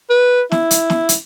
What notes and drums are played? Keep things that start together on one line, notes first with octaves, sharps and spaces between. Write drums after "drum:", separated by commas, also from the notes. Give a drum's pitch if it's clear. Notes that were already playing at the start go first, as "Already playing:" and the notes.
B4
E4, drum: snare
drum: hi-hat
drum: snare
drum: hi-hat